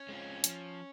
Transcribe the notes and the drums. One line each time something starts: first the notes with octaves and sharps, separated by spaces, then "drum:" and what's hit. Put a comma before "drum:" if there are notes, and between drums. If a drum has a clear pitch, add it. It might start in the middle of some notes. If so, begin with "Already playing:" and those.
Already playing: C#4
G#3 C4 F4
F3, drum: hi-hat